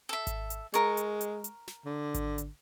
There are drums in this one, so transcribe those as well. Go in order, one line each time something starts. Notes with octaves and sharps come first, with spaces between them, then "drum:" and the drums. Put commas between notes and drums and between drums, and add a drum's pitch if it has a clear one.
A4 E5
drum: kick G#1, hi-hat
drum: hi-hat
G#3 A#4 C#6, drum: hi-hat
drum: hi-hat
drum: hi-hat
drum: hi-hat
drum: snare
D3
drum: kick G#1, hi-hat
drum: hi-hat